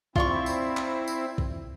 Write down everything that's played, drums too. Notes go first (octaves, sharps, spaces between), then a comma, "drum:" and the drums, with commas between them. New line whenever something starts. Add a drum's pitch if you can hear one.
C4 E4 F4 D5 C#6, drum: kick
drum: tambourine
drum: clap
drum: tambourine
drum: kick